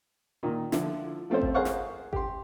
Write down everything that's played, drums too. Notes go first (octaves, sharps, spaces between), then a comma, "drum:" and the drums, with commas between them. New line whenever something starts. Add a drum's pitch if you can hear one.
A#2 D#3
D3 F3 E4, drum: snare
F3 A3 C4 F4 C5
drum: kick G#1
G#4 A#4 C5 F5 F#5 C#6
drum: snare
G4 C6, drum: kick G#1